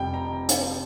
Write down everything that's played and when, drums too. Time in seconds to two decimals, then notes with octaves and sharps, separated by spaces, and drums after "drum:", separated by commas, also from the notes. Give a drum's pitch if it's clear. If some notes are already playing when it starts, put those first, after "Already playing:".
Already playing: F1 F2 C3 G3 G5
0.14 A#5
0.49 drum: hi-hat